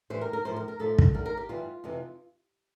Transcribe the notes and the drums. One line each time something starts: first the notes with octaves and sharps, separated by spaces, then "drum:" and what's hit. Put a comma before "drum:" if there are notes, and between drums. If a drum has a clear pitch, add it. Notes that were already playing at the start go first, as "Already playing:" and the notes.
A2 E3 G3 C5
A#4
A#4
A2 F3 A3 C5
A#4
A#4
A2 F3 A3 A4
drum: kick
F2 D3 A3 A#4
A#4
G4
G2 E3 G3 F4
F2 C3 E3